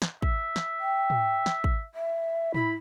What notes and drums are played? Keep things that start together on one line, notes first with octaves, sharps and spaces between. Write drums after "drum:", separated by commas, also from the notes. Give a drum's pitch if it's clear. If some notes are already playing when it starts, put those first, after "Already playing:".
drum: snare
E5, drum: kick
drum: snare
G5
drum: tom
drum: snare
drum: kick
E5
E4 B5, drum: tom